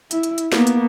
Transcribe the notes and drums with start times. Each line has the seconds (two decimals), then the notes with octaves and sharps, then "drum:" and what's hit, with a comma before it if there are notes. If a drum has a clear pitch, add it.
0.11 E4, drum: hi-hat
0.23 drum: hi-hat
0.38 drum: hi-hat
0.52 A#3 B3, drum: snare
0.67 drum: hi-hat